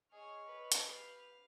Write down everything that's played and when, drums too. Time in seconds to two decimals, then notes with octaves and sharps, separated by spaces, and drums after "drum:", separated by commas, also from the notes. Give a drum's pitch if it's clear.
0.13 G#4 C#5 D#5 F6
0.46 B4
0.72 drum: hi-hat
0.87 G4 F5